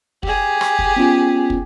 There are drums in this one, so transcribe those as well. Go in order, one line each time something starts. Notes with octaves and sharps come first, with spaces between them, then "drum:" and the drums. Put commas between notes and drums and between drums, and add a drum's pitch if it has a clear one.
G4 G#4, drum: kick
drum: rim click
drum: kick
B3 C#4 F4
drum: kick